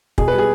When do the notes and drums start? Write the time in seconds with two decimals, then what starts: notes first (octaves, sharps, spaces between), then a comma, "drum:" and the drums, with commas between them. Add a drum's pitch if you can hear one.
0.18 B2 G#4, drum: kick
0.28 B4
0.34 G3 G#4